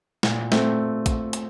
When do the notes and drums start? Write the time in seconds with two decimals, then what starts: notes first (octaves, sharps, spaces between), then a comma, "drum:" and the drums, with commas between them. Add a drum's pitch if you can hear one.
0.23 A#2, drum: snare
0.52 A3 C4, drum: snare
1.06 drum: kick, hi-hat
1.33 drum: hi-hat